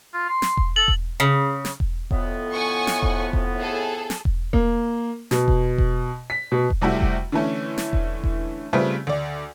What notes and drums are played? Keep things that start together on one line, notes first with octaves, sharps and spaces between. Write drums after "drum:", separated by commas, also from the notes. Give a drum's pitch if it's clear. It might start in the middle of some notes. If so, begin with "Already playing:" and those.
F4
C6
drum: snare
drum: kick E1
A4 F#7
drum: kick E1
C#3
drum: snare
drum: kick E1
F2 A2 B3, drum: kick E1
F#5 G#5 C#6
drum: snare
drum: kick E1
drum: kick E1
G#4 A4
drum: snare
drum: kick E1
A#3, drum: kick E1
B2, drum: snare
drum: kick E1
drum: kick E1
B6
B2
drum: kick E1
C3 G3 A3 E4 F#4
drum: kick E1
D3 E3 A3 C#4
drum: snare
drum: kick E1
drum: kick E1
C#3 G3 A3 C4 F4 B4
D2 D5